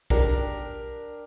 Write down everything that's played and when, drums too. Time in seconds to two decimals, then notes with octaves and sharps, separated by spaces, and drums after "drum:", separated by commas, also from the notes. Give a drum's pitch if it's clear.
0.10 D4 G4 A#4, drum: kick A#1